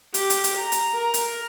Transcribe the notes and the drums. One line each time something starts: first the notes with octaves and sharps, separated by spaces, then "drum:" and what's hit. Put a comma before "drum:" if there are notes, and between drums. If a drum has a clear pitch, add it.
G4, drum: hi-hat
drum: hi-hat
drum: hi-hat
A#5
drum: hi-hat
A#4
drum: hi-hat